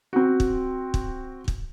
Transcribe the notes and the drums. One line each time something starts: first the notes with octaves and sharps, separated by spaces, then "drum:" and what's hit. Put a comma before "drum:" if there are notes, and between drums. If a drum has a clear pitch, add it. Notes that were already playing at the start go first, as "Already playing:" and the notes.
C4 F#4
drum: kick
drum: kick
drum: kick